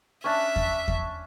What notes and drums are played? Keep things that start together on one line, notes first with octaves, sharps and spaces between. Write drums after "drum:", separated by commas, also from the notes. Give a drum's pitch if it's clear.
C#4 D4 E5
drum: kick E2
drum: kick E2